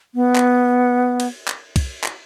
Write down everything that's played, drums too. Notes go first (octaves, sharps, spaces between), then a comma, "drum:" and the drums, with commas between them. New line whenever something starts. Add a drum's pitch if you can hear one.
B3
drum: clap
drum: cymbal
drum: clap
drum: kick, cymbal
drum: clap